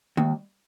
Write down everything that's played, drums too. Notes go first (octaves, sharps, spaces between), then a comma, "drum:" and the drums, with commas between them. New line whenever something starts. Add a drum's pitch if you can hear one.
D#2, drum: tom